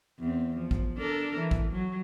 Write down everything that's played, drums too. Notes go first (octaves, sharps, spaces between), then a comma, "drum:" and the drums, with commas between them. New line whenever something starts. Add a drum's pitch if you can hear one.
E2 C4
F3
drum: kick
D4 A4 A#4
E3
drum: kick
F#3